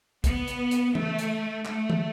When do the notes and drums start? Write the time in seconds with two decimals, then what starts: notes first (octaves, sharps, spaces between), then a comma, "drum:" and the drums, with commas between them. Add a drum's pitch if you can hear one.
0.24 B3, drum: kick, hi-hat
0.48 drum: hi-hat
0.71 drum: hi-hat
0.95 A3, drum: tom E3
1.19 drum: hi-hat
1.65 A3, drum: clap
1.90 drum: tom